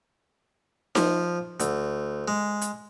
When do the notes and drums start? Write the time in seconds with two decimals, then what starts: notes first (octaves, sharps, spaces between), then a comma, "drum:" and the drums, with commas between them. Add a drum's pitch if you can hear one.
0.95 F3, drum: snare D#4
1.60 D2, drum: hi-hat
2.28 G#3
2.61 drum: hi-hat